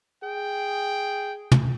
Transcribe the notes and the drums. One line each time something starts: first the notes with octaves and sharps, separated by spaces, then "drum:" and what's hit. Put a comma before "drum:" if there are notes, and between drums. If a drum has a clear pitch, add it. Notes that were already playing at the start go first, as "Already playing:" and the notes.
G#4 G5
drum: tom